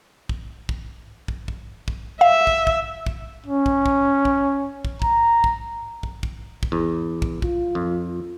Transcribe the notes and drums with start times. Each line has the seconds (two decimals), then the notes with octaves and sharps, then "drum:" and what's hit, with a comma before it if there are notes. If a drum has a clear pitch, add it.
0.29 drum: kick
0.69 drum: kick
1.28 drum: kick
1.48 drum: kick
1.88 drum: kick
2.21 E5 F5
2.47 drum: kick
2.67 drum: kick
3.06 drum: kick
3.46 C#4
3.66 drum: kick
3.86 drum: kick
4.25 drum: kick
4.85 drum: kick
5.02 A#5, drum: kick
5.44 drum: kick
6.03 drum: kick
6.23 drum: kick
6.63 drum: kick
6.72 E2
7.22 drum: kick
7.42 F4, drum: kick
7.75 F2